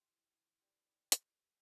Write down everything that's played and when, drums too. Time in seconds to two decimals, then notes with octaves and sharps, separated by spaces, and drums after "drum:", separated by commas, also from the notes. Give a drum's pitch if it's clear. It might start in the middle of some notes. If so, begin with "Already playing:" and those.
Already playing: C4 E4 G4 C5
0.61 D4 G4 B4
1.12 drum: hi-hat